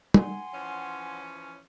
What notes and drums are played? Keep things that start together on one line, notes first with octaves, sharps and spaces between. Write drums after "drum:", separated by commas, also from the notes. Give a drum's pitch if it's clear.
F#5 G#5 C6, drum: tom
E3 F3 C#4